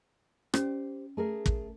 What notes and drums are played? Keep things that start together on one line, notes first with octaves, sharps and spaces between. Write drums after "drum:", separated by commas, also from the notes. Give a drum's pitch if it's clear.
C#4 G4 C5, drum: rim click
A3 G#4 A#4
drum: kick